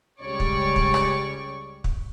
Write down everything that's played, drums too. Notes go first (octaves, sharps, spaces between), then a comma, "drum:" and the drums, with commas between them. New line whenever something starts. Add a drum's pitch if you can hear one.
C#2 C#3 G3 C#5 D5 C#6
drum: kick
drum: kick
drum: rim click
drum: kick